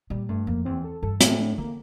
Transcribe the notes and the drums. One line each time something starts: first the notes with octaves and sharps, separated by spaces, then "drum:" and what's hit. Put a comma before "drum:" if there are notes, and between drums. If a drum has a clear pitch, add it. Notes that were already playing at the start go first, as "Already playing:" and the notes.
A#2 G3
G2 A3
F2 A#3
E2 C4
A4
G2 A4
A2 G4, drum: hi-hat
D4
D3 A#3